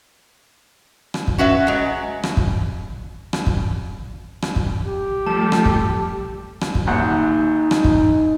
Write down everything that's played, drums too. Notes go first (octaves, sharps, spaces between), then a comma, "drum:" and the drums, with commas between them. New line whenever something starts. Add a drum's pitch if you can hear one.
drum: rim click
drum: kick
C#4 F#4 B4 E5
F#3 G#3
drum: rim click
drum: kick
drum: rim click
drum: kick
drum: rim click
drum: kick
G4
F3 G3 A3 A5
drum: rim click
drum: kick
drum: rim click
drum: kick
G#1 D#2 D#4 F#5
drum: rim click
drum: kick